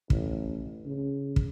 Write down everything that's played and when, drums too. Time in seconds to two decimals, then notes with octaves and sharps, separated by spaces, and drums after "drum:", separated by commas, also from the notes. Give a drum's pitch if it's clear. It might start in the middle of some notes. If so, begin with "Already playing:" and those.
0.10 A1, drum: kick
0.86 C#3
1.36 drum: kick